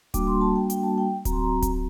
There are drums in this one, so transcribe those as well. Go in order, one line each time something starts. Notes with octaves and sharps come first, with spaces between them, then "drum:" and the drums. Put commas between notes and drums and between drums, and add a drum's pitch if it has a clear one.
G3 A#3 D4 F#4 D6, drum: kick D1, hi-hat
C6
A5
G5
G5, drum: hi-hat
A5
G5
F#3 C4 F#4 A#5, drum: kick D1, hi-hat
C6
A#5
drum: kick D1, hi-hat